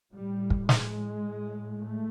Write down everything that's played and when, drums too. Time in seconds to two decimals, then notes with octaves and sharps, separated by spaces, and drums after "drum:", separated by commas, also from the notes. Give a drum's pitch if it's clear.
0.13 A2 G3
0.50 drum: kick
0.69 G#3, drum: snare
1.25 A2
1.80 A3